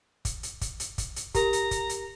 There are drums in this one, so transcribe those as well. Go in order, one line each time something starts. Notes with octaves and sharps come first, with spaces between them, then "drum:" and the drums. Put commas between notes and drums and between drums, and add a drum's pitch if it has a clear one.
drum: kick, hi-hat
drum: hi-hat
drum: kick, hi-hat
drum: hi-hat
drum: kick, hi-hat
drum: hi-hat
G4 A#4 A#5, drum: kick, hi-hat
drum: hi-hat
drum: kick, hi-hat
drum: hi-hat